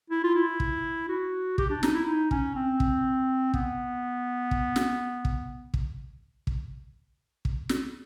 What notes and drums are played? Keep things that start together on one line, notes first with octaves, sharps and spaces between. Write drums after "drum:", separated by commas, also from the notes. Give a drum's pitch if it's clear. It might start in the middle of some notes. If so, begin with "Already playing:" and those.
E4
F4
E4
drum: kick
F#4
G4, drum: kick
D4
D#4, drum: snare
E4
D#4
C#4, drum: kick
C4
drum: kick
B3, drum: kick
drum: kick
drum: snare
drum: kick
drum: kick
drum: kick
drum: kick
drum: snare